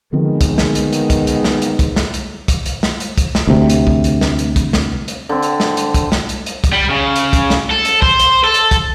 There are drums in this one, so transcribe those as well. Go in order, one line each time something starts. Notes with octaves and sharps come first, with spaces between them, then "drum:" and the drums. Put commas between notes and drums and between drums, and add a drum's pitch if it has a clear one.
D3 D#3 F3 G#3 B3 C4
drum: kick, hi-hat
drum: snare
drum: hi-hat
drum: hi-hat
drum: kick, hi-hat
drum: hi-hat
drum: snare
drum: hi-hat
drum: kick, hi-hat
drum: snare
drum: hi-hat
drum: kick, hi-hat
drum: hi-hat
drum: snare
drum: hi-hat
drum: kick, hi-hat
drum: snare
D2 C3
drum: hi-hat
drum: kick
drum: hi-hat
drum: snare
drum: hi-hat
drum: kick, hi-hat
drum: snare
drum: hi-hat
D3 C4
drum: hi-hat
drum: snare
drum: hi-hat
drum: kick, hi-hat
drum: snare
drum: hi-hat
drum: hi-hat
drum: kick, hi-hat
G3
C#3
drum: hi-hat
drum: kick, hi-hat
drum: snare
A4
drum: hi-hat
C5, drum: kick
drum: hi-hat
A4
drum: hi-hat
drum: kick, hi-hat